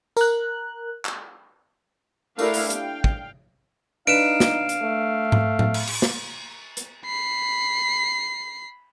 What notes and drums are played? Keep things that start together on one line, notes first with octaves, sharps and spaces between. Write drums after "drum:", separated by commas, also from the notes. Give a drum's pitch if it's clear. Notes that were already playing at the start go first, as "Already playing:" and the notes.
A#4 F#6, drum: tambourine
drum: clap
A3 D4 E4 G4 A#4 F5, drum: tambourine
drum: open hi-hat
F5 G5, drum: hi-hat
drum: kick
D4 D#4 B4 F5 D7 E7
drum: snare
drum: hi-hat
A3
drum: tom G#2
drum: tom A2
drum: cymbal
drum: cymbal
drum: snare
drum: hi-hat
B5 C7